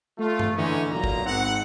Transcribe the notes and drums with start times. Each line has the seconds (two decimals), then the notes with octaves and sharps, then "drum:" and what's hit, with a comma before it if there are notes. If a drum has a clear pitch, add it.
0.18 A3 F4
0.39 drum: tom F#2
0.56 D3 E3 G#3 A3 C#4 D#4
0.91 B1 A#2 A#5
1.04 drum: kick
1.26 G#1 C4 F#5